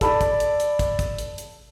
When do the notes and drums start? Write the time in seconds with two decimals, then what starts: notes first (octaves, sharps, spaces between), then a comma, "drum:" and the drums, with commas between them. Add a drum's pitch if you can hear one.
0.01 A4 D5 A5 B5, drum: kick, hi-hat
0.21 drum: kick, hi-hat
0.40 drum: hi-hat
0.60 drum: hi-hat
0.79 drum: kick, hi-hat
0.99 drum: kick, hi-hat
1.18 drum: hi-hat
1.38 drum: hi-hat